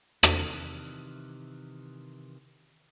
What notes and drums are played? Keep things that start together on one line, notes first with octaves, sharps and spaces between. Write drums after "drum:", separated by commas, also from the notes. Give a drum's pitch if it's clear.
C3 D#3 E3, drum: rim click